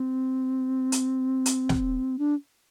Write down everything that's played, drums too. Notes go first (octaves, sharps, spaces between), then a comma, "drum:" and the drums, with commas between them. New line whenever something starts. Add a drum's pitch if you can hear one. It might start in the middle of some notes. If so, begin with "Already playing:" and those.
Already playing: C4
drum: hi-hat
drum: hi-hat
drum: snare
D4